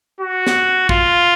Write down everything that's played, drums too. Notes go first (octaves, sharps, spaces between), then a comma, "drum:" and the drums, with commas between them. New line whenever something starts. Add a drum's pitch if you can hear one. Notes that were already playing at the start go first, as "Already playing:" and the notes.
F#4
drum: snare
F4, drum: kick